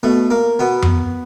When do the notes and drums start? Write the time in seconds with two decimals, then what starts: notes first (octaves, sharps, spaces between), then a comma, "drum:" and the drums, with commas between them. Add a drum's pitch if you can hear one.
0.03 B2 A3
0.30 A#3
0.59 B2 B3
0.82 drum: tom F2